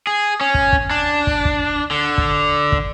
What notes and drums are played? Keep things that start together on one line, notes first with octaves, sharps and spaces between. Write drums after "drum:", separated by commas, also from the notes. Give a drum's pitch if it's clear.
G#4
C#4
drum: kick
drum: kick
D4
drum: kick
drum: kick
D3
drum: kick
drum: kick